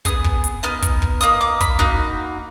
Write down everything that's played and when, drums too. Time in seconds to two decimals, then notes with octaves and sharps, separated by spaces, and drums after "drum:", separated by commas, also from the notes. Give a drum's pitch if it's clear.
0.05 B3 D#4 G#4 D#6, drum: kick, hi-hat
0.24 drum: kick
0.44 drum: hi-hat
0.63 B3 D#4 F6
0.82 drum: kick, hi-hat
1.02 drum: kick
1.21 A#3 D#4 D#6, drum: hi-hat
1.41 D6
1.61 B5, drum: kick, hi-hat
1.79 A#3 D#4 F#4, drum: kick